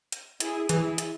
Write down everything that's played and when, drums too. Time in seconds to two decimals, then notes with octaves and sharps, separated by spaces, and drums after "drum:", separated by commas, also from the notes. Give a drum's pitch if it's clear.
0.12 drum: hi-hat
0.40 E4 G#4, drum: hi-hat
0.69 E3 E4 G#4, drum: hi-hat
0.98 drum: hi-hat